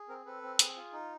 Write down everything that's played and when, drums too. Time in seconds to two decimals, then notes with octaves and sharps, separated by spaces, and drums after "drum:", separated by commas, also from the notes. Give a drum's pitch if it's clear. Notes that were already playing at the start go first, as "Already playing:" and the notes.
Already playing: G#4
0.09 C4 A#4
0.26 C4 A4 B4
0.43 C4
0.59 G#4, drum: hi-hat
0.76 F4
0.93 D#4